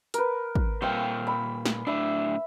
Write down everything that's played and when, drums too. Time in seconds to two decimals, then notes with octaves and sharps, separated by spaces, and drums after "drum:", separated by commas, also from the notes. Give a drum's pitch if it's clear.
0.14 A#4 B4, drum: hi-hat
0.55 drum: kick
0.82 A#2 G3 C4 F5 G5
1.27 B5
1.66 drum: snare
1.87 A2 D4 E5 B5